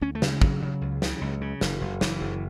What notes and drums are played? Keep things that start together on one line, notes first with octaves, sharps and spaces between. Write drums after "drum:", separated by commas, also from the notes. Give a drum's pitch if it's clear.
D2 C#4
A3
C#3, drum: snare
G#3
C#3 F#3, drum: kick
C#3
C#2
C#3, drum: snare
C#2
C#3
F#1, drum: snare
F#1
F#1 E3, drum: snare
F#1